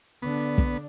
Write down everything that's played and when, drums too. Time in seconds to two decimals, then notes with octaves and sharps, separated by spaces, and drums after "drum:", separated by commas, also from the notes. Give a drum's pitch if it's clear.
0.22 D3 B3 D4
0.58 drum: kick